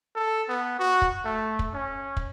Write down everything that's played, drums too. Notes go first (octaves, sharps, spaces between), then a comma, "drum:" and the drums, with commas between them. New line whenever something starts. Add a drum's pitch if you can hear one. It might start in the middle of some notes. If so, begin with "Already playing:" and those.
A4
B3
F#4
drum: kick
A3
drum: kick
C#4
drum: kick